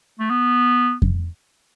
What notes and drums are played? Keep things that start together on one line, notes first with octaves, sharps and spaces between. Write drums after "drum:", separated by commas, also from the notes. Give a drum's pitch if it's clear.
A3
B3
drum: kick F2